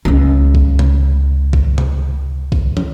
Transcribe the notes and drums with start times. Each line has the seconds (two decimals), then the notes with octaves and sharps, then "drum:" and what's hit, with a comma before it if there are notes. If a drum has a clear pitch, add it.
0.05 C#2 E4
0.54 drum: kick
0.79 drum: tom C3
1.53 drum: kick
1.78 drum: tom C3
2.52 drum: kick
2.77 drum: tom